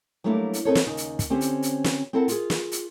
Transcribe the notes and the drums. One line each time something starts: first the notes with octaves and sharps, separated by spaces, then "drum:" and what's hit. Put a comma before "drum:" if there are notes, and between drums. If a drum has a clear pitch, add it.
F#3 G3 A3 A#3 D4 E4
drum: hi-hat
C4 D#4 G4 A4 A#4 C#5
drum: snare
D#2 C#3 D#4
drum: hi-hat
drum: kick, hi-hat
D3 C4 C#4 G4 C5
drum: hi-hat
drum: hi-hat
drum: snare
C4 E4 A4 A#4 F#5 A5
F4 G#4, drum: hi-hat
drum: snare
drum: hi-hat